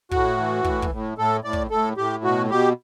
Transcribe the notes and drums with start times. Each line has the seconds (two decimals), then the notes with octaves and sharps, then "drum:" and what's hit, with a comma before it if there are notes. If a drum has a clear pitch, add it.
0.11 A2 F#4, drum: kick
0.37 E3
0.64 A2, drum: kick
0.82 drum: kick
0.91 A2
1.18 A2 A4
1.44 A2 D5
1.53 drum: kick
1.71 A2 A4
1.97 A2 G4
2.24 B2 F#4
2.50 B2 G4